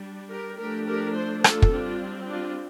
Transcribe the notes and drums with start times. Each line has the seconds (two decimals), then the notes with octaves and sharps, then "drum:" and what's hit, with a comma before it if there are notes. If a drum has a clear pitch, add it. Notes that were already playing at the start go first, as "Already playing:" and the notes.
Already playing: G3 D4
0.31 G4 A#4
0.59 F3 A3 D4 G4 A#4
0.87 G4 A#4
1.15 A4 C5
1.44 F4 A4, drum: rim click
1.62 drum: kick
1.72 G3 C4 D4 F4
2.29 D4 F4